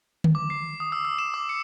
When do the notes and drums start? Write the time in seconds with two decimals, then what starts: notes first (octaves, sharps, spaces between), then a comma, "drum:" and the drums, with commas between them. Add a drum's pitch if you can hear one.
0.24 drum: tom D3
0.35 D6
0.50 C7
0.80 D#6
0.92 E6
1.05 E6
1.18 E7
1.34 D6
1.49 C#7